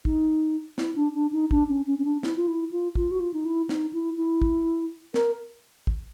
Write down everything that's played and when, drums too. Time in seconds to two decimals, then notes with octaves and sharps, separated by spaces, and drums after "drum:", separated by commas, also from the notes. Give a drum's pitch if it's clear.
0.05 D#4, drum: kick
0.78 E4, drum: snare
0.95 D4
1.14 D4
1.32 D#4
1.51 D4, drum: kick
1.69 C#4
1.87 C#4
1.98 C#4
2.05 D4
2.23 E4, drum: snare
2.36 F4
2.47 E4
2.71 F4
2.95 F4, drum: kick
3.11 F#4
3.20 F4
3.33 D#4
3.45 E4
3.69 D#4, drum: snare
3.93 E4
4.17 E4
4.42 drum: kick
5.14 A#4, drum: snare
5.87 drum: kick